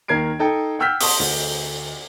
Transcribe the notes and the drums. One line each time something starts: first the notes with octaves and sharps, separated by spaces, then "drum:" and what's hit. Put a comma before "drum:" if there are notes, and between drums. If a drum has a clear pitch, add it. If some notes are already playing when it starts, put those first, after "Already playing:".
D#2 D#3 A#4 G#6 C7 D7
D#4 A4 G5
F#5 G5 E6 F6 G6 B6
A5 C6 C#6 D#6, drum: open hi-hat
D2